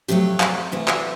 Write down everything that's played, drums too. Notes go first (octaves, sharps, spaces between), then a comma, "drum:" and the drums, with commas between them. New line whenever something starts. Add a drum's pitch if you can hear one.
F2 C3 D#3 F#3 A3 G4
drum: clap
C3 E3 A3
drum: clap